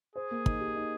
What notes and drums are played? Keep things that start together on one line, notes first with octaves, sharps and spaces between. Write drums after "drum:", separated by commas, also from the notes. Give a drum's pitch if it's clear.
G#4 C5
A#3
D#4, drum: kick
G4
D#4